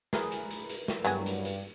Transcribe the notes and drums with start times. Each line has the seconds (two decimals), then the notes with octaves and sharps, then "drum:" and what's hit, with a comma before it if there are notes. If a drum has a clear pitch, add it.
0.13 E4 G#4 A#4 B4, drum: snare
0.32 drum: hi-hat
0.51 drum: hi-hat
0.69 drum: hi-hat
0.88 drum: snare
1.05 G2 F#3 G3 B3 G#4, drum: hi-hat
1.26 drum: hi-hat
1.45 drum: hi-hat